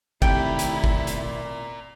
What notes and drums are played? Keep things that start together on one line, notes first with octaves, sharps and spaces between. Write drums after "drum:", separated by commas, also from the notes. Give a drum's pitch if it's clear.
C3 D#3 A3 E4 A#4 D5 G5, drum: kick
drum: hi-hat
drum: kick
drum: hi-hat